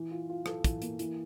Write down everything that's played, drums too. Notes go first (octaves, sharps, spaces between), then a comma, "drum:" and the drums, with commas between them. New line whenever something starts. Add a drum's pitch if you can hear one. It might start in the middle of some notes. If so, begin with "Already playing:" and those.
Already playing: E3
F4
F4
A4, drum: rim click
E3, drum: kick, hi-hat
A#3, drum: hi-hat
E3, drum: hi-hat